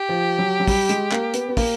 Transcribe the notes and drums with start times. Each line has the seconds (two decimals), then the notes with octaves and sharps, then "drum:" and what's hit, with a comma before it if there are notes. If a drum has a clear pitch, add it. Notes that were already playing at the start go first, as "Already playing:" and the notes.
Already playing: G4
0.09 F3
0.38 F#3
0.60 F#3
0.67 G3, drum: kick, open hi-hat
0.89 G#3, drum: hi-hat
1.12 A#3, drum: clap
1.34 B3, drum: hi-hat
1.49 B3
1.57 A#3, drum: kick, open hi-hat